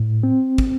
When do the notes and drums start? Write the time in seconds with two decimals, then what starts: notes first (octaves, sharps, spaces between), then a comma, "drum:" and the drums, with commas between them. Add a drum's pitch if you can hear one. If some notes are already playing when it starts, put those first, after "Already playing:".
Already playing: A2
0.23 C4
0.58 drum: kick